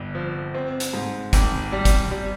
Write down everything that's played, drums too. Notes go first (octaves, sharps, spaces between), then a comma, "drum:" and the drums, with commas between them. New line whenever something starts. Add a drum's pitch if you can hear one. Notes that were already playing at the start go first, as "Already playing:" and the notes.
Already playing: G1 G2
F3
C4
drum: hi-hat
G#2
G#1, drum: kick, hi-hat
G3
drum: kick, hi-hat
G3